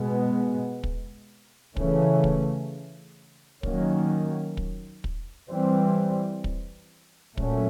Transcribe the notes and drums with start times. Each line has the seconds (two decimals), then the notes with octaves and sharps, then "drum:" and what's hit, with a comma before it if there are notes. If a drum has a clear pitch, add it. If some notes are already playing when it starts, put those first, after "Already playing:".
Already playing: B2 G#3 B3
0.84 drum: kick
1.77 C#3 E3 A3 C#4, drum: kick
2.24 drum: kick
3.63 D#3 F#3 A#3 C#4, drum: kick
4.57 drum: kick
5.04 drum: kick
5.50 E3 G3 C4
6.44 drum: kick
7.37 A#2 F#3 A3 C#4, drum: kick